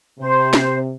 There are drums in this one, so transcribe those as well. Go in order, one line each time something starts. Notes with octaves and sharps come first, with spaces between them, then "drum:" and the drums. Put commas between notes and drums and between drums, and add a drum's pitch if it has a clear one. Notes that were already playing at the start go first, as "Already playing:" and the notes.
C3 C5
drum: snare